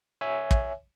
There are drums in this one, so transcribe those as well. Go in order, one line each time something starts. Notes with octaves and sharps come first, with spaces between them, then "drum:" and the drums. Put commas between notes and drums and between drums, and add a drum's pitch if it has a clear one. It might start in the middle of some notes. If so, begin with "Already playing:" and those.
C#5 E5 G#5
drum: kick